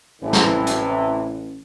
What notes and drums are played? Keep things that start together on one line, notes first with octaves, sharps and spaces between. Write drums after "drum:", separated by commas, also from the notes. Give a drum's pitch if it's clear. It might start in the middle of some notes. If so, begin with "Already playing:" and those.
A1 A2 C3 E3
drum: snare
drum: hi-hat